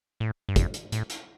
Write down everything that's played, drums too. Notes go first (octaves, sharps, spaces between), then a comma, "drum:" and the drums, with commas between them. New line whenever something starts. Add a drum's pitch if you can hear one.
A2
G2
F2, drum: kick, hi-hat
drum: hi-hat
A2, drum: hi-hat
drum: hi-hat